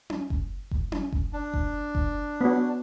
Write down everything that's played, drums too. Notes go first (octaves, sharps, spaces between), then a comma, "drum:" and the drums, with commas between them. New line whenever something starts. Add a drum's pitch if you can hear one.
drum: tom C#4
drum: kick F#1
drum: kick F#1
drum: tom C#4
drum: kick F#1
D4
drum: kick F#1
drum: kick F#1
B3 F#4